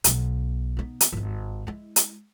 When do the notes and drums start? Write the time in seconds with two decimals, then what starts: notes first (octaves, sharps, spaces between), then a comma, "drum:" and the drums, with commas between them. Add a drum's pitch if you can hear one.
0.04 B1 B3, drum: hi-hat
0.77 B3 D#4
1.01 drum: hi-hat
1.13 G#1 D#2
1.67 G#3 E4
1.96 drum: hi-hat